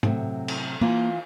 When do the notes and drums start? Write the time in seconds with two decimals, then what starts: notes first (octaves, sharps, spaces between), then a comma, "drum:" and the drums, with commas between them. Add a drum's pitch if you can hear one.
0.03 A2 C3 F#3, drum: tom G#2
0.48 drum: cymbal
0.81 E3 A#3 F4